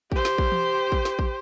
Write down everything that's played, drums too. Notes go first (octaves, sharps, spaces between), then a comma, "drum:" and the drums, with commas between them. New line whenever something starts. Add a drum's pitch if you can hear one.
G4 C5, drum: kick
drum: snare
drum: kick
drum: tom E3
drum: kick
drum: snare
drum: kick